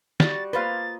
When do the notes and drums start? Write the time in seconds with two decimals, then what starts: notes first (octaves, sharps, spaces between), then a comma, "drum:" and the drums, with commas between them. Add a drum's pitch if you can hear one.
0.20 G3 F#4 A6, drum: snare
0.53 A#3 F4 B4 C5 D#5 F5 A6